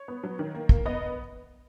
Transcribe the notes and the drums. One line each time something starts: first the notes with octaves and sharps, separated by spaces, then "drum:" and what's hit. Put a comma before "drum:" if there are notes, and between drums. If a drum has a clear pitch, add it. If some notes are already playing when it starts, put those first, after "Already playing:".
Already playing: C#5
B3
F#3
D#3
A#3
A#3, drum: kick
B3 D#5